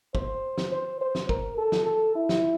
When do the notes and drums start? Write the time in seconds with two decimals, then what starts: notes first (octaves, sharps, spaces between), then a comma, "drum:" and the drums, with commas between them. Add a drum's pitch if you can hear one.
0.15 C5, drum: kick
0.58 drum: snare
0.72 C5
1.01 C5
1.15 drum: snare
1.29 A#4, drum: kick
1.57 A4
1.72 drum: snare
1.86 A4
2.15 E4
2.29 drum: snare